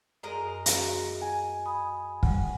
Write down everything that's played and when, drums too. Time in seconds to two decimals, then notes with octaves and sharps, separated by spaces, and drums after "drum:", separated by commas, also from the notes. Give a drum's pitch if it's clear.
0.23 F#2 G#3 A#4 D#5
0.66 F#4, drum: hi-hat
1.22 G#5
1.66 B5 D#6
2.23 G3 F#5, drum: kick